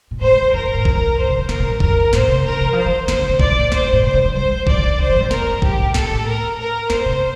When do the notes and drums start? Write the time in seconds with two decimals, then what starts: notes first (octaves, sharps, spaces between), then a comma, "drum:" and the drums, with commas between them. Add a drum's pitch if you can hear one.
0.11 A#2
0.21 A2 C5
0.32 G2
0.42 F2
0.53 F2 A#4
0.64 A2
0.75 A2
0.85 F2, drum: kick A1
1.01 E2
1.17 F2 C5
1.27 C3
1.38 E3
1.49 D3 A#4, drum: snare
1.60 A#2
1.70 G2
1.80 F2 A#4, drum: kick A1
1.97 G2
2.13 A2 C5, drum: snare
2.29 C3
2.44 D3 A#4
2.60 E3
2.73 F3 C5
2.86 E3
3.08 F3 C5, drum: snare
3.19 D3
3.29 C3
3.40 A#2 D5, drum: kick A1
3.56 A2
3.72 G2 C5, drum: snare
3.82 F2
3.93 A2
4.03 C3 C5
4.14 D3
4.25 F3
4.35 G3 C5
4.51 G3
4.67 F3 D5, drum: kick A1
4.77 C3
4.83 D3
4.99 D3 C5
5.09 F3
5.16 A2
5.20 G2
5.31 A#4, drum: snare
5.46 F2
5.62 G2 G4, drum: kick A1
5.79 A2
5.94 A#2 A4, drum: snare
6.10 A2
6.27 A#4
6.58 A#4
6.90 F2 C5, drum: snare
7.06 C3